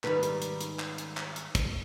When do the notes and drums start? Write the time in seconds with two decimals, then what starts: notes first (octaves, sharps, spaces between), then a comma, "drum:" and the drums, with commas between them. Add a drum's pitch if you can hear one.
0.04 G#2 D#3 G3 B4, drum: clap
0.23 drum: hi-hat
0.42 drum: hi-hat
0.61 drum: hi-hat
0.79 drum: clap
0.98 drum: hi-hat
1.17 drum: clap
1.36 drum: hi-hat
1.55 drum: kick, hi-hat